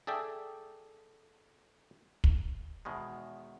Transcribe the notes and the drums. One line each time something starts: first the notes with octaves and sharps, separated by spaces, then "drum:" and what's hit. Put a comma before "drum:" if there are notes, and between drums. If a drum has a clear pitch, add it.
G#4 A4 D5 E5 G5
drum: kick
E2 B2 D#3 G#3